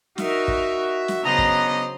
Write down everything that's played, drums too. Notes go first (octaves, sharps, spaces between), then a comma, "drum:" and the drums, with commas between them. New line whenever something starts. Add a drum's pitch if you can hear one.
D#4 F#4 A#4 E5, drum: snare
drum: kick
drum: snare
C#3 F#3 B3 D4 C5 D#5 A#5
drum: kick